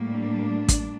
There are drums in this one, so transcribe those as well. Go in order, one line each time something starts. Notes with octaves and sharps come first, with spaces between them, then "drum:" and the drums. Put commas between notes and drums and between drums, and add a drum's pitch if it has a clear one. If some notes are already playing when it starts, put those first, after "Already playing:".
Already playing: A2 G3 A#3
D4
drum: kick, hi-hat